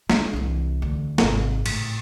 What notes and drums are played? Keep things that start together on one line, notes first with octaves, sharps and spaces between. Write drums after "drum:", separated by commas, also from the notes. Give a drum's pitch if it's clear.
G#3 D4, drum: snare
C2 E3
D2
G#1 C3, drum: snare
A2, drum: cymbal